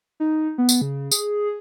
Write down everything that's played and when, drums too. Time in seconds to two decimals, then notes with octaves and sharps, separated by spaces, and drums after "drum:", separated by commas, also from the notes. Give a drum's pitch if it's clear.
0.20 D#4
0.58 B3
0.69 drum: tambourine
0.81 C#3
1.12 G#4, drum: tambourine